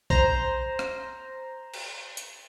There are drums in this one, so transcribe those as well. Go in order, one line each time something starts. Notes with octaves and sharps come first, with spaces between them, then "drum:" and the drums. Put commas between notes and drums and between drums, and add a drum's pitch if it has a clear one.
C5 A#5, drum: kick A#1
drum: rim click
drum: cymbal
drum: hi-hat